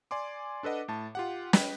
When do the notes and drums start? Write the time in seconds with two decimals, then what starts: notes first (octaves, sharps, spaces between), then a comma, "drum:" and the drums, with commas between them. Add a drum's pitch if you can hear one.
0.11 D5 G#5 C6 D6
0.63 D4 A4 B4 D#5 F#5
0.88 A2 A5
1.15 F4 G4 F#5
1.53 B4 D#5 G5 B5, drum: snare